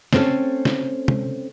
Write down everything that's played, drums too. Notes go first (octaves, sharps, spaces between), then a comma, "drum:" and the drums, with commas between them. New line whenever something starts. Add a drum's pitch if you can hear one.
A3 C4 C#4 A4, drum: snare
drum: snare
drum: tom